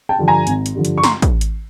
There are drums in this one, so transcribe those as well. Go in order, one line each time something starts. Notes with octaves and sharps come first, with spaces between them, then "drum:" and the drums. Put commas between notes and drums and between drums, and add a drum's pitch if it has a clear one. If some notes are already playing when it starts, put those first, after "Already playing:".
G5 A5
G2 D3 F3
G#5 A#5
G#1, drum: hi-hat
drum: hi-hat
G2 D3 F3
drum: hi-hat
C#6
A#5 C6, drum: snare
drum: kick, hi-hat
drum: hi-hat